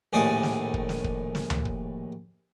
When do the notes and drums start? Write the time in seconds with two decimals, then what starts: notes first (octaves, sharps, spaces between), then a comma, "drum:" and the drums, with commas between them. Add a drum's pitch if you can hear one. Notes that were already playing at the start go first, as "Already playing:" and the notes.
0.13 A#1 D#2 A2 G#4 D5 D#6
0.43 drum: snare
0.74 drum: kick
0.89 drum: snare
1.04 drum: kick
1.35 drum: snare
1.50 drum: tom D2
1.65 drum: kick